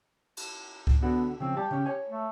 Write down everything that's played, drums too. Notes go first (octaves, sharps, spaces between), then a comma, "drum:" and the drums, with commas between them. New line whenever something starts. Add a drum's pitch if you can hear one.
drum: cymbal
drum: kick C#2
D3 B3 F#4 A4
C#3 F3 C4
G3 G4 A5
C#3 C#4
C#5 G#5
A3